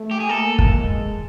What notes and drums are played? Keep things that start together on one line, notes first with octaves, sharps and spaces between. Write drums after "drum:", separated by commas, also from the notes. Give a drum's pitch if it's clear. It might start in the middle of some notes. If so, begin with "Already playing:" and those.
Already playing: A3
G4
G#4
A#3 A4
drum: kick
G#3